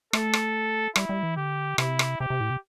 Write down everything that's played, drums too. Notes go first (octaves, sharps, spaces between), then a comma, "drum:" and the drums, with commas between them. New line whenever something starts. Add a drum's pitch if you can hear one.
A3 A4, drum: rim click
drum: rim click
G3 E4, drum: rim click
G3
E3
D3 G4
C3 E4, drum: rim click
drum: rim click
C3 G4
C3
A2
C3